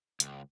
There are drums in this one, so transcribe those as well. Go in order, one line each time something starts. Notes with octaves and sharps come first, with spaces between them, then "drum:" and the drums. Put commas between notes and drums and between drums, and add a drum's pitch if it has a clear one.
C#2, drum: hi-hat